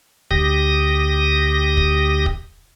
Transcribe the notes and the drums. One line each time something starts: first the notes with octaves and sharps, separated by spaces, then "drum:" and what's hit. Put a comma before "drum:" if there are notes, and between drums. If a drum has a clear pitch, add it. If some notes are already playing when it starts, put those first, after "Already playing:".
D2 G4 D#6 A#6, drum: kick
drum: kick
drum: kick